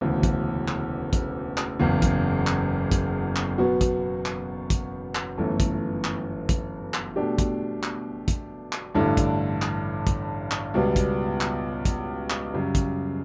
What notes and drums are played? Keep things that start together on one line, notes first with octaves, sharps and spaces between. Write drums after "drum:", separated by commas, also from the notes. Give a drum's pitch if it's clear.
E1 D2 C#3 E3 B3
drum: kick, hi-hat
drum: clap
drum: kick, hi-hat
drum: clap
F#1 E2 C#3
drum: kick, hi-hat
drum: clap
drum: kick, hi-hat
drum: clap
B2 F#3 B3 F#4
drum: kick, hi-hat
drum: clap
drum: kick, hi-hat
drum: clap
G1 F#2 E3 A3
drum: kick, hi-hat
drum: clap
drum: kick, hi-hat
drum: clap
B2 A3 D4 G4
drum: kick, hi-hat
drum: clap
drum: kick, hi-hat
drum: clap
A1 G2 D3 A3 E4
drum: kick, hi-hat
drum: clap
drum: kick, hi-hat
drum: clap
C#2 B2 G3 B3
drum: kick, hi-hat
drum: clap
drum: kick, hi-hat
drum: clap
F#2 C#3 G3
drum: kick, hi-hat